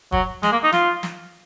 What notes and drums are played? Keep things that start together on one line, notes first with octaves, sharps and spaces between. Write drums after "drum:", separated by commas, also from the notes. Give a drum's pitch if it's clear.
F#3, drum: kick
G#3, drum: snare
A#3
D#4
F4, drum: snare
drum: snare